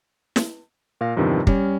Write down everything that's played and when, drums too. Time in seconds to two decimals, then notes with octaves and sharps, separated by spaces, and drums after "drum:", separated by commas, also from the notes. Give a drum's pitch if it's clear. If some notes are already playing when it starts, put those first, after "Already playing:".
0.36 drum: snare
1.01 A#2 F5 A#6
1.16 E2 G2 C3 D#3 F3
1.47 G3 C#4, drum: kick